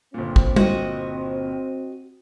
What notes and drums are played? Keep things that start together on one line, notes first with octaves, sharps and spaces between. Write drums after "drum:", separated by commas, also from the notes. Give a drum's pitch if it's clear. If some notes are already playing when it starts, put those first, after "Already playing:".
G1 A#2 C4
drum: kick
F#4 D#5, drum: tom G3